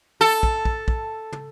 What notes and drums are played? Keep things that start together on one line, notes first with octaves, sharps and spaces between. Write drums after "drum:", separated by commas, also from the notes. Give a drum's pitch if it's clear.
A4
drum: kick
drum: kick
drum: kick
drum: tom